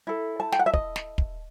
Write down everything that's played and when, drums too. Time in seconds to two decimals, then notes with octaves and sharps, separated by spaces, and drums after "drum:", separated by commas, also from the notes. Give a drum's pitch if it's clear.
0.07 E4 A4
0.40 A5
0.52 G5, drum: snare
0.59 F#5
0.66 E5
0.73 D#5, drum: kick
0.96 drum: snare
1.18 drum: kick